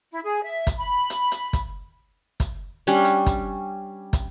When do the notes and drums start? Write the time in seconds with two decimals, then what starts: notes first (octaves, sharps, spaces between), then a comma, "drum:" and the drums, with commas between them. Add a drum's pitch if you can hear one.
0.11 E4
0.23 G#4
0.44 E5
0.67 drum: kick, hi-hat
0.77 B5
1.10 drum: hi-hat
1.32 drum: hi-hat
1.53 drum: kick, hi-hat
2.40 drum: kick, hi-hat
2.87 G3 C#4 D4
3.05 drum: hi-hat
3.26 drum: kick, hi-hat
4.13 drum: kick, hi-hat